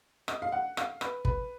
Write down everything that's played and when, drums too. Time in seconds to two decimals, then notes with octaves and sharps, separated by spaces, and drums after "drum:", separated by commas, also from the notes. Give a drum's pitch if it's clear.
0.28 D#5, drum: rim click
0.42 F5
0.52 F#5
0.77 F5, drum: rim click
1.01 B4, drum: rim click
1.25 B4, drum: kick